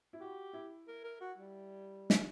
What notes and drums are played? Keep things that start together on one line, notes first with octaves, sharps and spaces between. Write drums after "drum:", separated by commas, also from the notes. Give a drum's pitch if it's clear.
E4
F#4 G4
E4
A#4
A#4
F#4
G3
drum: snare